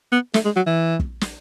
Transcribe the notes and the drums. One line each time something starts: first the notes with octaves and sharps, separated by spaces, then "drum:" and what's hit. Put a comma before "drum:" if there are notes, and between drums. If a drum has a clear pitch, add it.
B3
A3, drum: snare
G#3
F#3
E3
drum: kick
drum: snare